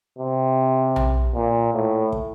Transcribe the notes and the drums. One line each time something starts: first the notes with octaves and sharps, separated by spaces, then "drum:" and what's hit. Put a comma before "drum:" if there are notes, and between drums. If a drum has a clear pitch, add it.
C3
drum: tom B1
A#2
A2
drum: kick